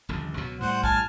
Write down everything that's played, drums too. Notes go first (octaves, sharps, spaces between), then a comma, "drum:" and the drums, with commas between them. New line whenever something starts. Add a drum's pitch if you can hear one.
D#1 A#1 D3
C#2 B2 F#3
A2 G3 C5 F#5
G#5 A5 F6, drum: kick A#1